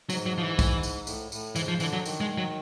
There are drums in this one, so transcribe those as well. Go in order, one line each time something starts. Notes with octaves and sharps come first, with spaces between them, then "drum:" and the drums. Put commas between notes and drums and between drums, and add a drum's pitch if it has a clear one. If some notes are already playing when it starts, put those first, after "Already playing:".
G#2 F#3, drum: tambourine
F#3
F3
E3
drum: kick, tambourine
drum: tambourine
A2, drum: tambourine
A2, drum: tambourine
G#2 E3, drum: tambourine
F3
D3 E3, drum: tambourine
F#3
D#3, drum: tambourine
G#3
F#3